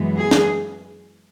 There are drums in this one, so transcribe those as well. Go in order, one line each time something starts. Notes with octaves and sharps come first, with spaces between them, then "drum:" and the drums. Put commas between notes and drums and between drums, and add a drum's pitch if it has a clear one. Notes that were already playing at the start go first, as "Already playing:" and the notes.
Already playing: F#2 E3 G#3 B3
G#4
drum: snare